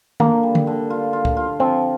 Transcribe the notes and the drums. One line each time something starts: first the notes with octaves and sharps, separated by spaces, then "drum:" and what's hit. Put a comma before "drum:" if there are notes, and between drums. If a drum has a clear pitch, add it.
D3 A#3, drum: tom
G3
drum: tom D3
D3
F4
F4
drum: kick
F4
F3 C4